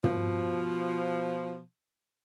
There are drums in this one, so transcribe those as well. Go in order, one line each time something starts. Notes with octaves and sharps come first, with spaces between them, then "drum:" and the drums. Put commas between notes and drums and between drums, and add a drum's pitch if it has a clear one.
B2 F3, drum: tom